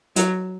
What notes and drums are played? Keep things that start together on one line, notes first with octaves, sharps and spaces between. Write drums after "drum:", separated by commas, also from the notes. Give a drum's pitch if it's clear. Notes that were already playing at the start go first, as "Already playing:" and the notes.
F#3, drum: hi-hat